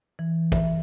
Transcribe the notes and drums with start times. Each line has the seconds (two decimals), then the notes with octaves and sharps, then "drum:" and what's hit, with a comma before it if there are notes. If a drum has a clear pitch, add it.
0.19 E3
0.52 E5, drum: kick